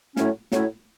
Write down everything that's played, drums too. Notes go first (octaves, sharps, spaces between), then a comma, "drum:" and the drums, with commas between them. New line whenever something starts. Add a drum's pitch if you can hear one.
A2 F#3 A3 C#4 E4, drum: snare
A2 F#3 A3 C#4 E4, drum: snare